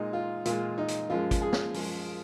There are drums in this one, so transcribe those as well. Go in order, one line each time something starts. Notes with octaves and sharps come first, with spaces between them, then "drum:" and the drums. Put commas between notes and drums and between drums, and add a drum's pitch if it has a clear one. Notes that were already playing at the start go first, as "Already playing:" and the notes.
Already playing: A#2 G#3 D#4
F4
A#2 G#3 F4, drum: hi-hat
D#4
drum: hi-hat
F#2 F3 G#3 F4
drum: kick, hi-hat
G#4
drum: snare
F#2 F3 G#3, drum: open hi-hat